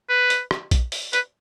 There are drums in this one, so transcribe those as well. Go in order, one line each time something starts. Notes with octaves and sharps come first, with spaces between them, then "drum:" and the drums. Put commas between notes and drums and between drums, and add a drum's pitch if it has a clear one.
B4
drum: hi-hat
drum: rim click
drum: kick A#1, hi-hat
drum: open hi-hat
B4, drum: hi-hat